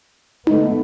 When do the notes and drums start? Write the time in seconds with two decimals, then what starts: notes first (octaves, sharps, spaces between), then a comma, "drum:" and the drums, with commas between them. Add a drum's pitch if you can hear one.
0.47 D3 A3 B3 D#4, drum: tom D#4